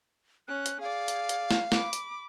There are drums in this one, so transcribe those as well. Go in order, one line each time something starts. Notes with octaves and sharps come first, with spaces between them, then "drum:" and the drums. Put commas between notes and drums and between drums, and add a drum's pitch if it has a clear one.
C#4 F#6
drum: hi-hat
G#4 D5 F5
drum: hi-hat
drum: hi-hat
drum: snare
B5 D6, drum: snare
drum: hi-hat